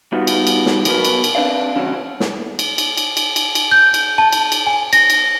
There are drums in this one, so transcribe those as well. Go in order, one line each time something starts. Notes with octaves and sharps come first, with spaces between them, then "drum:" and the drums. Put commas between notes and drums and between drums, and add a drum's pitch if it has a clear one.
G3 B3 D#4 F4 F#4
drum: cymbal
drum: cymbal
drum: snare
C3 F#3 B3 F#4 A#4 B4, drum: cymbal
drum: cymbal
drum: cymbal
C4 D4 B4 D5 F5
G2 C#3 E3 C4 C#4 F#4
drum: snare
drum: cymbal
drum: cymbal
drum: cymbal
drum: cymbal
drum: cymbal
drum: cymbal
G6
drum: cymbal
A5
drum: cymbal
drum: cymbal
G#5
A#6, drum: cymbal
drum: cymbal